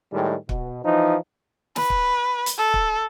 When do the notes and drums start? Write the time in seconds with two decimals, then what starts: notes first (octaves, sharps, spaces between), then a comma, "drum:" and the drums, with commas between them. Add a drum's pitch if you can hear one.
0.12 A2 D#3 G3 G#3
0.49 B2, drum: kick
0.84 E3 F3 D#4
1.76 B4, drum: snare
1.90 drum: kick
2.46 drum: hi-hat
2.58 A4
2.74 drum: kick